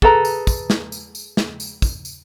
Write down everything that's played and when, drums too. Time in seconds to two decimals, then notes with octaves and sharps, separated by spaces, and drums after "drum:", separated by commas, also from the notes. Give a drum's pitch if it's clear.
0.02 G#4 A4 B4 A#5, drum: kick
0.25 drum: tambourine
0.47 drum: kick, tambourine
0.70 drum: snare
0.92 drum: tambourine
1.15 drum: tambourine
1.37 drum: snare
1.60 drum: tambourine
1.82 drum: kick, tambourine
2.05 drum: tambourine